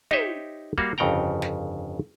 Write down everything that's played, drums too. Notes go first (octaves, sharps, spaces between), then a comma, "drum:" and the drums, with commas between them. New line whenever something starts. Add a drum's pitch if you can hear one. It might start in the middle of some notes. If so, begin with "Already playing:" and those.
D#4 G4 C5 C#5 D#5 E5, drum: tom
G3 A#3 F#4 F5, drum: kick
G1 F2 C#3 F#5 G5 A#5
drum: snare